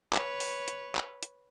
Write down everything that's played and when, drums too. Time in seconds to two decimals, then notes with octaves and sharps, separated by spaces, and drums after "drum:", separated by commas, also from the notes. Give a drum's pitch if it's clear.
0.13 B4 C#5, drum: clap
0.40 drum: open hi-hat
0.68 drum: hi-hat
0.95 drum: clap
1.23 drum: hi-hat